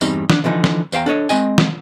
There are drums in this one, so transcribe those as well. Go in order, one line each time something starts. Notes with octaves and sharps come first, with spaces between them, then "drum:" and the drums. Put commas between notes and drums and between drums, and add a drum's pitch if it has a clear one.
E2 G2 G3 C4 D#4, drum: tambourine
D4, drum: snare
D3 E3 F3 D#4
drum: snare
E2 C5 F5 G5 A#5, drum: tambourine
D4 A4 C#5 D#5
G#3 C4 D#5 G#5, drum: tambourine
drum: snare